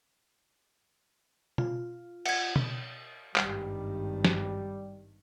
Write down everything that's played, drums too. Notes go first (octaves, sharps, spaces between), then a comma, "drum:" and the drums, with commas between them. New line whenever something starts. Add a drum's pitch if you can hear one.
F4, drum: tom B2
F#5 G#6, drum: cymbal
drum: tom B2
G#1 G2 D#3 G3, drum: clap
drum: snare